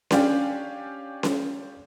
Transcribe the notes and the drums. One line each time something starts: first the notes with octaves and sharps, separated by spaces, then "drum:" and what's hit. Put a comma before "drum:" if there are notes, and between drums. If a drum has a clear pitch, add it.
C#4 D4 G4 D5 F5 G#5, drum: snare C#4
drum: snare C#4